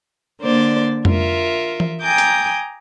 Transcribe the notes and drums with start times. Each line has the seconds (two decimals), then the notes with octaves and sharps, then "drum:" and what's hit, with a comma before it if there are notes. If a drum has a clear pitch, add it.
0.40 D3 A#3 C5 D5
1.05 F4 A#4 E5, drum: tom F2
1.80 drum: tom E3
2.01 G5 G#5 A#5 D6 D#6 G6
2.18 drum: hi-hat